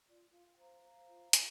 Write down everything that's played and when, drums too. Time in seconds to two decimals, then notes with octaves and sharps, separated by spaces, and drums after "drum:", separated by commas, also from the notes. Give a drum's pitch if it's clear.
0.06 F4 D5
0.31 F4 F5
0.52 G5
0.57 C5 F5 A#5
0.83 C5
1.08 F4
1.33 F4, drum: hi-hat